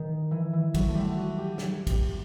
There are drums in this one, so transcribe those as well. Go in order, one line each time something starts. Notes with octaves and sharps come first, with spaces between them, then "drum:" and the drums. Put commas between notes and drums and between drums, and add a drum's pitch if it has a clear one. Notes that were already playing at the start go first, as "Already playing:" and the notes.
Already playing: D#3
E3
E3
F#3, drum: kick A1, cymbal
A3
G3
F#4
G4
G4, drum: snare
G4, drum: kick A1, cymbal